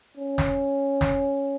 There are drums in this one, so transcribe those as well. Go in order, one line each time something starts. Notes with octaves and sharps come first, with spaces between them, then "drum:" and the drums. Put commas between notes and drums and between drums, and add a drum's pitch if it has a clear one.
C#4
drum: snare
drum: snare